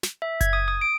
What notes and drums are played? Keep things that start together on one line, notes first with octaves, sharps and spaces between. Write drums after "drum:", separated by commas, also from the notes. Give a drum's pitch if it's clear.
drum: snare
E5
G#6, drum: kick F#1, hi-hat
D#6
D#6
D7